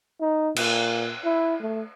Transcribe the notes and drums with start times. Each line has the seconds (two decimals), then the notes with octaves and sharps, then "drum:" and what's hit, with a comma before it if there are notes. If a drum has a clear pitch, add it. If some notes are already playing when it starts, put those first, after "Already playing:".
0.21 D#4
0.56 A#2, drum: cymbal
1.24 E4
1.61 A3